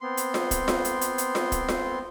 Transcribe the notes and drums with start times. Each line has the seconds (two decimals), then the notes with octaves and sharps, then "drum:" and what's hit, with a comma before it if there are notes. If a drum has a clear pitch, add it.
0.01 B3 C4 C6
0.17 drum: hi-hat
0.34 drum: snare F4
0.51 drum: kick, hi-hat
0.68 drum: snare F4
0.85 drum: hi-hat
1.01 drum: hi-hat
1.18 drum: hi-hat
1.35 drum: snare F4
1.52 drum: kick, hi-hat
1.69 drum: snare F4